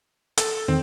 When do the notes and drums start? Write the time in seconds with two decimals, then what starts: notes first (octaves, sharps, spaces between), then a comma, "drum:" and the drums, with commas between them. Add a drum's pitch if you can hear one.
0.38 A4, drum: hi-hat
0.68 E2 D#3 C4